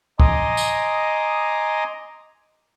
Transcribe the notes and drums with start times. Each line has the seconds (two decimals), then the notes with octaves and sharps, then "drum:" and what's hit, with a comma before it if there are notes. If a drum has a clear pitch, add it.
0.20 D#5 G#5 A#5 C6 D6 D#6, drum: kick
0.57 drum: tambourine